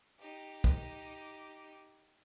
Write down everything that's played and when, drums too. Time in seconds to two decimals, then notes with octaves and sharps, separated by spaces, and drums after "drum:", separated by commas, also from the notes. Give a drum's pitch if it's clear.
0.19 D#4 G4
0.64 drum: kick